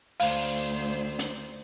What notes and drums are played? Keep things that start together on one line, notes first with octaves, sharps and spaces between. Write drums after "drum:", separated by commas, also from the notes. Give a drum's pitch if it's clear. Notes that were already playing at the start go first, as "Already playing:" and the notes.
D2 C5 F5, drum: open hi-hat
drum: hi-hat